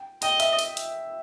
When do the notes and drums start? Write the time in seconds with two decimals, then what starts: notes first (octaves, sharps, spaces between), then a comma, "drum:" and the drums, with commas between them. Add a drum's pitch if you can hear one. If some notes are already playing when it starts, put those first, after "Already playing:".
Already playing: G5
0.22 D#5 G5, drum: hi-hat
0.40 E5, drum: hi-hat
0.59 drum: hi-hat
0.77 drum: hi-hat